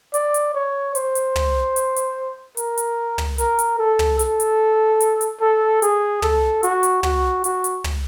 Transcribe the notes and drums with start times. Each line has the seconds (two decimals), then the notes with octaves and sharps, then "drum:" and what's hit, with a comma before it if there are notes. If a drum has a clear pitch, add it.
0.14 D5, drum: hi-hat
0.34 drum: hi-hat
0.55 C#5
0.95 C5, drum: hi-hat
1.15 drum: hi-hat
1.36 drum: tom
1.76 drum: hi-hat
1.96 drum: hi-hat
2.57 A#4, drum: hi-hat
2.77 drum: hi-hat
3.18 drum: tom
3.38 A#4, drum: hi-hat
3.59 drum: hi-hat
3.79 A4
3.99 drum: tom
4.19 A4, drum: hi-hat
4.40 drum: hi-hat
5.00 drum: hi-hat
5.21 drum: hi-hat
5.41 A4
5.82 G#4, drum: hi-hat
6.22 A4, drum: tom
6.63 F#4, drum: hi-hat
6.83 drum: hi-hat
7.03 F#4, drum: tom
7.44 F#4, drum: hi-hat
7.64 drum: hi-hat
7.84 drum: tom